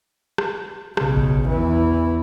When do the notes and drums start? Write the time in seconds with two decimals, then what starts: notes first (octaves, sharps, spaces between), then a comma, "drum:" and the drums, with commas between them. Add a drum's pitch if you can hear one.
0.38 drum: rim click
0.97 B1 C#3, drum: rim click
1.17 drum: kick A1
1.48 E2 E3